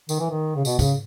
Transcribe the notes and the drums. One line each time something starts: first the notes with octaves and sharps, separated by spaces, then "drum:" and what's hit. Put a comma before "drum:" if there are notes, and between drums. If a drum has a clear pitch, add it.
D#3, drum: tambourine
E3
D#3
C#3
B2, drum: tambourine
C#3, drum: kick, tambourine